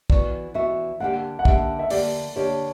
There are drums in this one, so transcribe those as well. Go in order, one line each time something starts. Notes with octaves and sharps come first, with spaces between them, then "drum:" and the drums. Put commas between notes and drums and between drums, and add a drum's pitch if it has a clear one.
E3 B3 F#4 D5, drum: kick
E3 B3 F#4 E5
D3 A#3 D4 G4 F#5
F#5
D3 A#3 D4 G4 E5, drum: kick
E5
D3 A#3 D4 G4 D5, drum: open hi-hat
D3 A#3 D4 G4 C#5